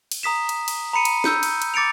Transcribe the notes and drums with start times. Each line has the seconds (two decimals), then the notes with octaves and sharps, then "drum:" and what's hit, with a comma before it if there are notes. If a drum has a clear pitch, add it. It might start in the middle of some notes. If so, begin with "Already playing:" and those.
0.12 drum: cymbal
0.23 A#5 D#6 B6 E7
0.49 drum: cymbal
0.68 drum: cymbal
0.93 A#5 B5 C#7 D#7
1.05 drum: cymbal
1.24 E6 G6 C#7, drum: snare
1.43 drum: cymbal
1.62 drum: cymbal
1.74 D6 A6 C#7 D7 F7